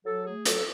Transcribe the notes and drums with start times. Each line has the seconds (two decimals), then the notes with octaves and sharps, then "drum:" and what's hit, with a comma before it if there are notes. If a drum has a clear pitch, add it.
0.05 F#3 A4
0.25 A3 G#4
0.46 F#3 A4, drum: hi-hat